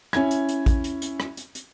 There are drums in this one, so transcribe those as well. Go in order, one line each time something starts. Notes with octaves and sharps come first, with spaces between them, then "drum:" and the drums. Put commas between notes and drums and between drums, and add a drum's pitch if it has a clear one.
C#4 E4 G#6, drum: rim click
drum: hi-hat
drum: hi-hat
drum: kick, hi-hat
drum: hi-hat
drum: hi-hat
drum: rim click
drum: hi-hat
drum: hi-hat